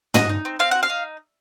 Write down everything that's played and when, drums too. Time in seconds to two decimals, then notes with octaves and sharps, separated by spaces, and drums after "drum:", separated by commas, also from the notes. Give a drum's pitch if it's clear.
0.14 F#4 D#5, drum: tom
0.29 D#4
0.45 C4
0.59 C4 F5
0.71 F#4 F#5
0.83 F5
0.90 D#4